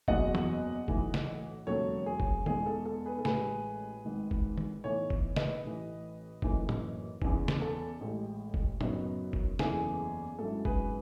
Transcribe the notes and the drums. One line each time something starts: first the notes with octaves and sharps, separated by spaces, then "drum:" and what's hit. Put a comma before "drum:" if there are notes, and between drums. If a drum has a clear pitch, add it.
F#1 E2 B2 F#3 D#5 F#5, drum: kick
drum: tom
B1 A2 E3, drum: kick
drum: snare
E1 D#2 C#3 F#3 A4 C#5
G#4
drum: kick
E2 B2 G#3 G#4, drum: tom D#3
A4
A4
G#4 B4
A4
A1 A2 G#3 G#4 B4, drum: snare
G#1 G#2 D#3
drum: kick
drum: tom D#3
A2 E3 B3 D#4 A4 C#5
drum: kick
B4 D#5, drum: snare
A1 A2 E3
F#1 F#2 E3 A3 D#4, drum: kick
drum: tom A2
E2 C#3 E3, drum: kick
drum: snare
A4
A1 A2 G#3
drum: kick
F#2 C#3 F#3 B3 D#4, drum: tom A2
drum: kick
F#1 E2 C#3 E3 A3 G#4, drum: snare
G#1 G#2 F#3 C#4 E4 A4
G#4 B4, drum: kick